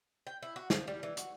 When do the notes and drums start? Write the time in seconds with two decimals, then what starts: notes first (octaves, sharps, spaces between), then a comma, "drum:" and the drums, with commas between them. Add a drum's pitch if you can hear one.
0.27 G5
0.43 E4
0.56 F#4
0.70 F3, drum: snare
0.88 G3
1.03 E3
1.17 F#4, drum: hi-hat